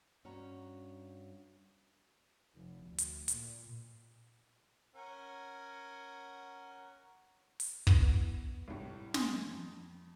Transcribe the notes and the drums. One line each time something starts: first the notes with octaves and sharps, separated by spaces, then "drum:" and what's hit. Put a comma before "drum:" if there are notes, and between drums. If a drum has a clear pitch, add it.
G2 C#4 F#4 F#5 A#5
F1
D2
drum: hi-hat
A#2, drum: hi-hat
C#4 A#4 F#5
drum: open hi-hat
B3 E4, drum: kick
C2 A2
G#5 C6 D#6, drum: snare
F2